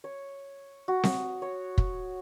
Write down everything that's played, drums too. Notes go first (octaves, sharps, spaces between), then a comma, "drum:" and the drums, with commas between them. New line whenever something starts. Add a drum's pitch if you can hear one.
C#5
F#4
D#6, drum: snare C4
C#5
drum: kick